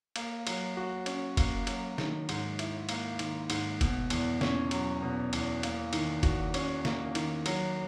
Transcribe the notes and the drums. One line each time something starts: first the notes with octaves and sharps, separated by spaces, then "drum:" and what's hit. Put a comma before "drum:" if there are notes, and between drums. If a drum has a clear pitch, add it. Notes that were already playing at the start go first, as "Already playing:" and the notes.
A#3, drum: cymbal
F#3, drum: cymbal
F#4
C#4, drum: cymbal
A#3, drum: kick F#1, cymbal
F#3, drum: cymbal
D#3, drum: snare
G#2, drum: cymbal
E4, drum: cymbal
A#3, drum: cymbal
D#3, drum: cymbal
G#2, drum: cymbal
B2, drum: kick F#1, cymbal
E2, drum: cymbal
C#4, drum: snare
F#3, drum: cymbal
B2
E2, drum: cymbal
A#3, drum: cymbal
D#3, drum: cymbal
F#4, drum: kick F#1, cymbal
C#4, drum: cymbal
A#3, drum: snare
D#3, drum: cymbal
F#3, drum: cymbal